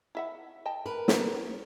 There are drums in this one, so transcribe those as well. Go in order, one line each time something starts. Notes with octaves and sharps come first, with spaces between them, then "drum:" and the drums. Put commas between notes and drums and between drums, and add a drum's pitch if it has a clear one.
E4 E5 F#5
D#5 G5 A5
A#4 B4
C#4 E4 C5, drum: snare